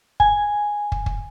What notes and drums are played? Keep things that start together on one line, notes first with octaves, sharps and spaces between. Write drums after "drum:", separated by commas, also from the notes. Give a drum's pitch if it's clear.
G#5, drum: kick
drum: kick
drum: kick